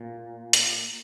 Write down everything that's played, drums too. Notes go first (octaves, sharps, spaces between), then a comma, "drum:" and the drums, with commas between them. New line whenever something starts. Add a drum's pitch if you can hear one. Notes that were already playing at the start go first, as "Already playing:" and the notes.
Already playing: A#2
drum: hi-hat